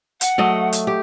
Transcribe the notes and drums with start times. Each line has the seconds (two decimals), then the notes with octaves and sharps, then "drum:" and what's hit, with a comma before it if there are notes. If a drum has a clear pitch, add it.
0.21 F#5, drum: hi-hat
0.38 F#3 A3 D#5
0.72 drum: hi-hat
0.87 G4